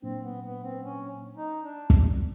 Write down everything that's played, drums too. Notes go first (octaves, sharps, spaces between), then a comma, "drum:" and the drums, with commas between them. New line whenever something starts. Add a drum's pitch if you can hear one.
A#2 F#3 A#3 C4 D4
B3
B3
C4
C#4
D#4
D4
drum: kick